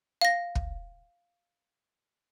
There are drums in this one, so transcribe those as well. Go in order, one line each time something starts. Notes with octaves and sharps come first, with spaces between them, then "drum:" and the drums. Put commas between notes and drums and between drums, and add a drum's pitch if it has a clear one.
F5 A#6
drum: kick